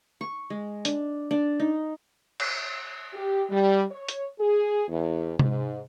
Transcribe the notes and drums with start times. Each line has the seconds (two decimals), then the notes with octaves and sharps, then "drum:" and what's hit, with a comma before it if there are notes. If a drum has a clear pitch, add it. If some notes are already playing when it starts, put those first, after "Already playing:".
0.21 C#6
0.50 G#3
0.85 D4, drum: hi-hat
1.31 D4
1.60 D#4
2.40 drum: cymbal
3.14 G4
3.50 G3
3.90 C#5
4.09 drum: hi-hat
4.40 G#4
4.89 E2
5.39 G#2, drum: tom C3